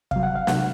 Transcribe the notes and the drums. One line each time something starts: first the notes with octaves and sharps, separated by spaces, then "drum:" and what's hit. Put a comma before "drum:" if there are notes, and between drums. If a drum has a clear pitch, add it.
C3 F#3 F5, drum: kick
F#5
F5
C3 F#3 F#5, drum: snare